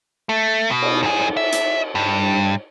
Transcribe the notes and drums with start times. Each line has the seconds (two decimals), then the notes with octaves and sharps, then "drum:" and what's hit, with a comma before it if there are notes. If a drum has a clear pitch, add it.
0.29 A3
0.71 B2
0.82 drum: cymbal
1.03 F#2 G#4
1.37 E5
1.52 drum: hi-hat
1.95 G2